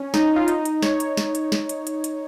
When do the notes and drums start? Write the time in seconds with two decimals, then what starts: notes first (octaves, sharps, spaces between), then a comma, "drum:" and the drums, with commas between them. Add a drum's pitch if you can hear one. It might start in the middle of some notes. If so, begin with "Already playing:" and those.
Already playing: C#4
0.14 D#4, drum: snare
0.36 F4
0.48 D#4, drum: hi-hat
0.65 drum: hi-hat
0.83 C#5, drum: snare
1.00 drum: hi-hat
1.17 drum: snare
1.35 drum: hi-hat
1.52 drum: snare
1.69 drum: hi-hat
1.87 drum: hi-hat
2.04 drum: hi-hat